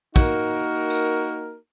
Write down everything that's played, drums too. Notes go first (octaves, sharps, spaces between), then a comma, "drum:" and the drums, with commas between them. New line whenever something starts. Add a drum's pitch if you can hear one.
A#3 D#4 F#4 A#4, drum: kick, tambourine
drum: tambourine